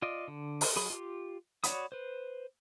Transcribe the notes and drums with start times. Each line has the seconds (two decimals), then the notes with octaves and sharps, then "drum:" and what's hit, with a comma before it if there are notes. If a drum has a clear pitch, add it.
0.02 F4 D5 D#5
0.28 D3
0.61 drum: open hi-hat
0.76 F#3 G#4 B5
0.90 F4 G4
1.64 F#4 C#5 D5 B5 D#6, drum: hi-hat
1.92 B4 C5